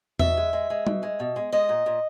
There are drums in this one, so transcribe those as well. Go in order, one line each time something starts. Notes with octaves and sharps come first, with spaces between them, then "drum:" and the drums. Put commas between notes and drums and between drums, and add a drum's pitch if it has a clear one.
B2 E5, drum: tom E2
G#3
G#3
G#3
B2, drum: tom G3
G#3
B2
G#3
G#3 D#5
A#2
A#2